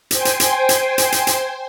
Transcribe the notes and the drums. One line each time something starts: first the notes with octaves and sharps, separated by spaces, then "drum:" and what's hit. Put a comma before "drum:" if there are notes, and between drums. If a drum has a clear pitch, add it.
C5 G5 G#5 C6, drum: hi-hat
drum: hi-hat
drum: hi-hat
drum: hi-hat
drum: hi-hat
drum: hi-hat
drum: hi-hat